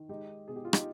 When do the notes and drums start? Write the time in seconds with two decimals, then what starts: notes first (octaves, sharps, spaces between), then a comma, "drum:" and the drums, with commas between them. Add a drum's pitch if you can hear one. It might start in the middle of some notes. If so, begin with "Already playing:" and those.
Already playing: D#3
0.09 G#3 D#4 G4
0.48 B2 G#4
0.56 G4
0.65 F4
0.73 D#4 G4, drum: rim click